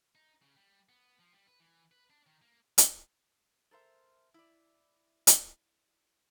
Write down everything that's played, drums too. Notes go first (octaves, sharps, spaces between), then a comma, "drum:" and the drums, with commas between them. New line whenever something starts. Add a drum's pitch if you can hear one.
D#4
C#3
G3
B3
F3
G3
B4
E3
B4
D4
D#3
A#3
drum: hi-hat
A4 A#4 C5 E5
E4 D5
drum: hi-hat